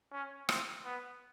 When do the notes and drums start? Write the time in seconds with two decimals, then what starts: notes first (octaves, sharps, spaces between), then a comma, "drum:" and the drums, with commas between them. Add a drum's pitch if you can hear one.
0.12 C#4
0.49 C4, drum: rim click
0.85 B3